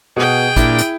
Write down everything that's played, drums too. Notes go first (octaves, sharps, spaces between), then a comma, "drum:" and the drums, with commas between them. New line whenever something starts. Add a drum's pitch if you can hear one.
B2 G#4 F#5 G5
A#2 D4 E4, drum: kick, hi-hat
drum: hi-hat